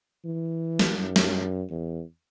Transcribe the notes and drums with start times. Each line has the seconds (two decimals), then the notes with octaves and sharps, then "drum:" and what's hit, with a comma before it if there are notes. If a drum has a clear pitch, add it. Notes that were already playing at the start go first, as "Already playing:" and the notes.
0.25 E3
0.79 drum: snare
0.98 F#2
1.16 drum: snare
1.71 E2